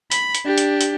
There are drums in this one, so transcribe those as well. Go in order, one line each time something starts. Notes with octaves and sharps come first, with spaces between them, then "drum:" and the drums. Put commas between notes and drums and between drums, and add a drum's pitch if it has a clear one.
B5, drum: hi-hat
drum: hi-hat
D4 G4
drum: hi-hat
drum: hi-hat